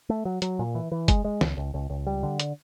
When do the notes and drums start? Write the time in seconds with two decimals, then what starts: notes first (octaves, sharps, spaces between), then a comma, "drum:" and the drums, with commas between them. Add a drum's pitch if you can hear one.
0.09 A3
0.25 F#3
0.42 F#3, drum: hi-hat
0.59 A#2
0.75 E3
0.92 E3
1.08 G#3, drum: kick, hi-hat
1.24 G#3
1.41 C#2, drum: snare
1.57 C#2
1.74 C#2
1.90 C#2
2.07 G3
2.23 D3
2.40 drum: hi-hat